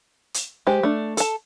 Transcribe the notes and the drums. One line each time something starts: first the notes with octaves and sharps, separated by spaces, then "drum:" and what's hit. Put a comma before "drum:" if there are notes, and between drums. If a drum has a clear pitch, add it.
drum: hi-hat
G#3 G4 C5
A3 D4
A4 A5, drum: hi-hat